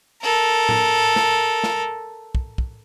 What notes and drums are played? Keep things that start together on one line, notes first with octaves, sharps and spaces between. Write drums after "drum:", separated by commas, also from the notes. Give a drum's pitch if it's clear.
A4 A#4
drum: tom A2
drum: snare
drum: snare
drum: kick
drum: kick